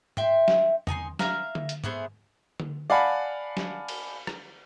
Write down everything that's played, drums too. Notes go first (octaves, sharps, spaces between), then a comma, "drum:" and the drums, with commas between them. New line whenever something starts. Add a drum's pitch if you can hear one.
E5 G5 C6, drum: tom G#2
drum: snare
D#4 G#5 A5 C6, drum: tom E2
E5 F5 A#5 F6, drum: snare
drum: tom D3
drum: hi-hat
A3 B3 G#4 C5, drum: tom G#2
drum: tom D3
D5 F5 F#5 G#5 A5 B5
drum: snare
drum: cymbal
drum: rim click